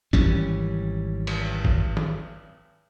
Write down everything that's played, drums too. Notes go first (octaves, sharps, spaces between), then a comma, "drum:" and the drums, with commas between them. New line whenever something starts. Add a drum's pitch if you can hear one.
G#1 E3 G3 C#4, drum: kick G#1
drum: cymbal
drum: kick G#1
drum: tom